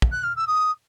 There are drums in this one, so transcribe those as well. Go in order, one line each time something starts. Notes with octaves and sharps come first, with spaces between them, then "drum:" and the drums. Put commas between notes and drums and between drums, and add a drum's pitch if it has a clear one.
drum: kick
F#6
F6
E6
D#6